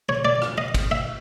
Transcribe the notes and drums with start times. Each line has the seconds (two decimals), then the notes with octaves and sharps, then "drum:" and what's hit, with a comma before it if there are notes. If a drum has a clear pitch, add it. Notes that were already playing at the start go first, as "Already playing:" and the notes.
0.09 C#5
0.25 D5
0.42 drum: rim click
0.58 D#5
0.74 drum: kick, cymbal
0.91 E5